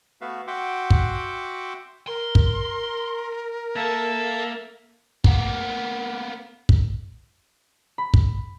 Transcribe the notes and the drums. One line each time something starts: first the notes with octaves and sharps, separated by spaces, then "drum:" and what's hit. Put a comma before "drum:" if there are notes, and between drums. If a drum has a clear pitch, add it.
A3 B3 F#4 B4 E5 F5
F#4 E5 F#5 G5 C6 D6
drum: kick
A#4 C6
drum: kick
A#3 A4 E5 A5
A#3 B3, drum: kick
drum: kick
B5
drum: kick